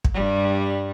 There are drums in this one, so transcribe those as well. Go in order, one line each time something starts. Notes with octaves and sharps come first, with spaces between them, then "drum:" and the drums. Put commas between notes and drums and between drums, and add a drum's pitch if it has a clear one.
drum: kick
G2 G3